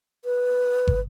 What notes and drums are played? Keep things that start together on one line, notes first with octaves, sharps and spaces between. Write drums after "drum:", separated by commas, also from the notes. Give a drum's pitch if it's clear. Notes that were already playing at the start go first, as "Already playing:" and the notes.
B4
drum: kick